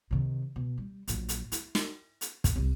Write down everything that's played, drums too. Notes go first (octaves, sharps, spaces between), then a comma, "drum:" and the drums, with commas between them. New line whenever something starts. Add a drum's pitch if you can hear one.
C3 D#3
B2
G3
A#1 F#3, drum: hi-hat
drum: hi-hat
E4, drum: hi-hat
drum: snare
drum: hi-hat
drum: kick, hi-hat
C2 G3